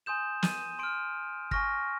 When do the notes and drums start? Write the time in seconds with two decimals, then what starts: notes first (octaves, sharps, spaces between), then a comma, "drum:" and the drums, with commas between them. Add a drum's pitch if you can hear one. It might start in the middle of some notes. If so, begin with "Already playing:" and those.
0.06 G#5 C6 D#6 G6 E7
0.43 D#7, drum: snare
0.79 C6 F6 D7
1.51 G#5 C#6 F6 A#6, drum: kick G1